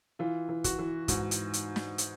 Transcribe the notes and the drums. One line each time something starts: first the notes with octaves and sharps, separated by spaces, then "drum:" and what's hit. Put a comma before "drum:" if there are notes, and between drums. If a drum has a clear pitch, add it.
E3 F4
E3
F#4, drum: kick, hi-hat
E3
G#2 F#4, drum: kick, hi-hat
drum: hi-hat
drum: hi-hat
drum: snare
drum: hi-hat